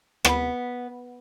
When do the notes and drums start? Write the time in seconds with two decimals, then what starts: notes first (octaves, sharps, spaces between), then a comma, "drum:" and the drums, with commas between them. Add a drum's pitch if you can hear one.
0.25 B3, drum: rim click